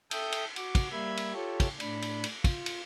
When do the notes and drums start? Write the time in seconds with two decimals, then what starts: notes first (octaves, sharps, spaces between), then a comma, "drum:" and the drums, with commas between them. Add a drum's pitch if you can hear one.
0.11 A4 E5 G5 D#6 G6, drum: cymbal
0.32 drum: cymbal
0.56 F#4 D6, drum: cymbal
0.75 drum: kick, cymbal
0.91 G3 A#3 E5 B5 G#6
1.17 drum: cymbal
1.34 F4 G4 A4 C#5
1.60 drum: kick, cymbal
1.80 A2 D4 B5, drum: cymbal
2.02 drum: cymbal
2.24 drum: cymbal
2.44 F4, drum: kick, cymbal
2.66 drum: cymbal